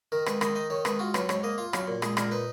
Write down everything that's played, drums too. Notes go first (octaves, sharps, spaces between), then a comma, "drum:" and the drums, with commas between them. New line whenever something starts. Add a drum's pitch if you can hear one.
D#3 A#4
G#3 B4, drum: rim click
D#3 D#5, drum: rim click
D#4 D#5
D#3 C#5
G#3 B4, drum: rim click
F4 F#4
F#3 B4, drum: rim click
G#2 C#5, drum: rim click
A#3 D#5
F4 F5
F#3 F5, drum: rim click
A#2
G#3 G#4, drum: rim click
A#2 A#4, drum: rim click
D#4 B4